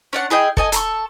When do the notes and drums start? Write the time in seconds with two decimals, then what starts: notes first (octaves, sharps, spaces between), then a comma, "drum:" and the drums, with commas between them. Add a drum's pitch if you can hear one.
0.13 C#4 D4 F#5
0.30 E4 G#4 D#5 G5
0.57 A4 D#5 G#5, drum: kick
0.72 A4 A#5 C#6, drum: hi-hat